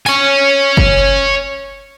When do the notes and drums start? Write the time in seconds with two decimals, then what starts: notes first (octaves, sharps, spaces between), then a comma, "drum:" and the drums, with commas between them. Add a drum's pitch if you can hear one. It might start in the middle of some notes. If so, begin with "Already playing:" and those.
0.06 C#5 G#5, drum: tambourine
0.77 drum: kick F#1